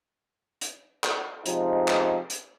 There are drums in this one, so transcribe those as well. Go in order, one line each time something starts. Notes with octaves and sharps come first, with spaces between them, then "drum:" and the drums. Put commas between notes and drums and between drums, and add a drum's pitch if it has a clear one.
drum: hi-hat
drum: clap
C3 F3 G#3 C4 D#4, drum: hi-hat
drum: clap
drum: hi-hat